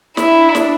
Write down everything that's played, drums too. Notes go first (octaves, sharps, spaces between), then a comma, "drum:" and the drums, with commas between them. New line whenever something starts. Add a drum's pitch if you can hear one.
D4 E4, drum: snare
drum: snare